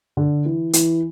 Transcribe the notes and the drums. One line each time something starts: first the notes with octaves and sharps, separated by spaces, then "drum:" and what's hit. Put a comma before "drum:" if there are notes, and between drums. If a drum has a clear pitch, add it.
D3
E3
E3, drum: hi-hat